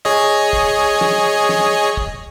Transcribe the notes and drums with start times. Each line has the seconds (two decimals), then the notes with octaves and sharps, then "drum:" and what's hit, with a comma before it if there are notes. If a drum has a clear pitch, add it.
0.05 G#4 C#5 D#5
0.53 drum: kick
1.01 drum: snare
1.49 drum: snare
1.97 drum: kick